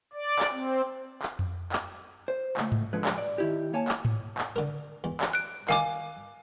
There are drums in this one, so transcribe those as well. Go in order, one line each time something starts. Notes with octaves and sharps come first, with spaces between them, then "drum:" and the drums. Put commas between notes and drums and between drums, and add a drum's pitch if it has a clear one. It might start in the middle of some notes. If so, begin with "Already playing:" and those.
D5
drum: clap
C4
drum: clap
drum: tom F2
drum: clap
C5
C#2 A3, drum: clap
drum: tom G#2
D3 F3 G#3 B4
drum: clap
D5
D#3 E4 G4
A#3 C#5 G#5 A5
drum: clap
drum: tom G#2
drum: clap
D3 A#4
E2
drum: clap
F#6 D7
D#3 D#4 F5 G#5 D6, drum: clap